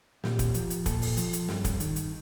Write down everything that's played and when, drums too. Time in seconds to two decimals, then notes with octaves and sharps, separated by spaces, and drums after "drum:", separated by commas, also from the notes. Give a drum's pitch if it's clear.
0.24 A#2 G4, drum: snare
0.39 drum: kick, hi-hat
0.54 F3, drum: hi-hat
0.70 drum: hi-hat
0.86 A#2 A4, drum: kick, hi-hat
1.02 drum: open hi-hat
1.17 F3, drum: hi-hat
1.33 drum: hi-hat
1.49 G2, drum: snare
1.64 drum: kick, hi-hat
1.80 D#3, drum: hi-hat
1.96 drum: hi-hat